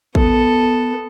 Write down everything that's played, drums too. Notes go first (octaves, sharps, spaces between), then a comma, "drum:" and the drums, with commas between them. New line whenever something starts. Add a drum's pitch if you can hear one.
B3 A4, drum: kick